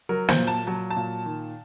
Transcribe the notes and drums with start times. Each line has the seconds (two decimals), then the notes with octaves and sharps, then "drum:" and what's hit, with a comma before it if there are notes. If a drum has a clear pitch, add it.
0.09 F#3 A#4
0.28 C5, drum: snare
0.38 A#2
0.48 A5
0.67 F#3 A5
0.91 A5
0.97 A#2
1.26 D#3